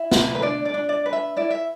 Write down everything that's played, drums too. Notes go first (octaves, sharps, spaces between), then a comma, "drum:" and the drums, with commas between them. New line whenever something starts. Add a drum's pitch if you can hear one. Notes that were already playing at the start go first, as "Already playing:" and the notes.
Already playing: E4
B4, drum: snare
B4
D4 D5
D5
D4
D5
B4
E5
E4 D5
E5